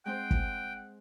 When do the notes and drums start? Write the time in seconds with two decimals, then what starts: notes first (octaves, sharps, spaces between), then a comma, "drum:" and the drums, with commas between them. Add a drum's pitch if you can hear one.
0.06 G#3 C4 C5 F#5 G5
0.31 drum: kick